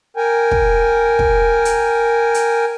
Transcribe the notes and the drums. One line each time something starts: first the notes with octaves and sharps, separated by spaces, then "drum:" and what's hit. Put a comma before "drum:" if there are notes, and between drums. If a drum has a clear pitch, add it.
A#4 G5 G#5
drum: kick
drum: kick
drum: hi-hat
drum: hi-hat